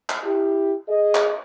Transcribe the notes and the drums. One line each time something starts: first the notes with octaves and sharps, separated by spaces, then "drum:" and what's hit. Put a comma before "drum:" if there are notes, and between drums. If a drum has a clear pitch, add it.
drum: clap
E4 G4
G#4 D#5
drum: clap